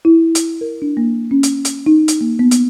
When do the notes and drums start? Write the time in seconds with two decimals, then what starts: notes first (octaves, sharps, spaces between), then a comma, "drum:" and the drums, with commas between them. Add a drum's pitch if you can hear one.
0.05 E4
0.35 drum: hi-hat
0.61 A#4
0.82 D4
0.97 A#3
1.31 C#4
1.43 drum: hi-hat
1.65 drum: hi-hat
1.86 D#4
2.08 drum: hi-hat
2.21 A#3
2.39 B3
2.51 drum: hi-hat